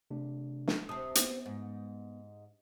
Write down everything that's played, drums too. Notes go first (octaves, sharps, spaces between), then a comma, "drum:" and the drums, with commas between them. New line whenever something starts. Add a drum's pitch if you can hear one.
C3 A3 D4
drum: snare
C3 C4 A5 D#6
B3, drum: hi-hat
G#2